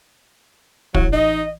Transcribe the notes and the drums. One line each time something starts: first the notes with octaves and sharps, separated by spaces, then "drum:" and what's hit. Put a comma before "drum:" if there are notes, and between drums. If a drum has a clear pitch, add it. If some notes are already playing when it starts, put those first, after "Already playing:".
A1 F#3, drum: kick
D#4 D#5